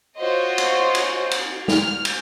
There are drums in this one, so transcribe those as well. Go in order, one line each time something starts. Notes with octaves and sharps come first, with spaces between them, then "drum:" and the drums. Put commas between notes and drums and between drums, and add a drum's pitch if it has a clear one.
F4 F#4 C5 C#5 D#5
drum: cymbal
drum: cymbal
drum: cymbal
F6, drum: snare
drum: cymbal